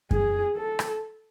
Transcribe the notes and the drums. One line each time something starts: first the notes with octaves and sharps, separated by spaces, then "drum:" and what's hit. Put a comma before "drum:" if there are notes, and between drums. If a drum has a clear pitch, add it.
G#4, drum: kick F#2
A4
drum: rim click